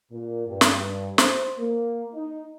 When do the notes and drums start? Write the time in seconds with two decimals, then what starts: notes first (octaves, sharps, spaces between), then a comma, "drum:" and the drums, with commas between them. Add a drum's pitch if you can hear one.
0.12 A#2
0.48 G2
0.61 drum: snare
1.18 C5, drum: snare
1.59 A#3
2.14 D#4